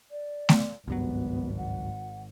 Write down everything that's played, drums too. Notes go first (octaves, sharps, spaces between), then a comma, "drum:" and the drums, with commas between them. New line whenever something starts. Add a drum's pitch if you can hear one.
D5
drum: snare A3
G#1 C#2 G2 F#3 B3
F#5